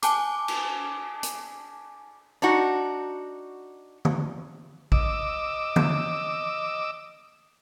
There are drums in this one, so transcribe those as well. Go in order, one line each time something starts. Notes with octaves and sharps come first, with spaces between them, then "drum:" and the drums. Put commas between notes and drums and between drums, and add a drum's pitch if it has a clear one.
G#5 A5 D6, drum: hi-hat
drum: cymbal
drum: hi-hat
D4 D#4 F#4
drum: tom D3
D#5 D6 E6, drum: kick A#1
drum: tom D3